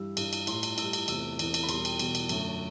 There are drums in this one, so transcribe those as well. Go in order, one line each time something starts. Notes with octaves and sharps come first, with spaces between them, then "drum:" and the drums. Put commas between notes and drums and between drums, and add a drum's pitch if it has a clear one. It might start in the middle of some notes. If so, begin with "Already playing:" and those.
Already playing: G2 E3 G3 E6
G2 E3 G3, drum: cymbal
drum: cymbal
A2 G3 C6, drum: cymbal
drum: cymbal
A2 G3 E6, drum: cymbal
drum: cymbal
E2 C3 E3 A3 E6, drum: cymbal
E2 C3 E3 A3, drum: cymbal
drum: cymbal
B5
E2 B2 G3 C6, drum: cymbal
G5, drum: cymbal
E2 B2 G3, drum: cymbal
drum: cymbal
F#2 D3 A3, drum: cymbal